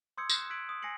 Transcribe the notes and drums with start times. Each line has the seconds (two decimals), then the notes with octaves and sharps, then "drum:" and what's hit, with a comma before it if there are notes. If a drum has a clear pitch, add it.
0.18 C6 D#6 E6 G6 G#6 C#7
0.30 F#6 G6 E7, drum: tambourine
0.50 E6 F#6 G#6 B6 D7 F#7
0.69 D#6
0.82 G#5 A#6 C7 C#7 F#7